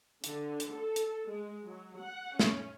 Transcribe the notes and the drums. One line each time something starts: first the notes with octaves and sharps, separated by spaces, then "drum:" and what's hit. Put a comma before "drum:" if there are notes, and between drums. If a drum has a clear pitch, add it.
D3, drum: hi-hat
drum: hi-hat
A4
drum: hi-hat
G#3
F#3
F#5
C#4, drum: snare